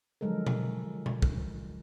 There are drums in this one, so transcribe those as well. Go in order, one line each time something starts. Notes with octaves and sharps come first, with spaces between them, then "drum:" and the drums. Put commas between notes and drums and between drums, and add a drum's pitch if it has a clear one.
D3 F3 F#3 G#3 A4 A#4
drum: tom B2
drum: tom B2
drum: kick